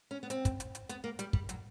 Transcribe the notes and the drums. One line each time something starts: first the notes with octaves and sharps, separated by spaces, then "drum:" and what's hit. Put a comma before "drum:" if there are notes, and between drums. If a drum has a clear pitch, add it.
C#4
B3
C4, drum: hi-hat
drum: kick, hi-hat
drum: hi-hat
drum: hi-hat
B3, drum: hi-hat
A#3
G3, drum: hi-hat
G3, drum: kick
F#3, drum: hi-hat